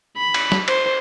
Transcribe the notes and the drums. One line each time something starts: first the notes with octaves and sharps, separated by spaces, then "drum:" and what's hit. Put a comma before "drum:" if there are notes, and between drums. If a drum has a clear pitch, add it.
B5
drum: cymbal
drum: snare
C5, drum: cymbal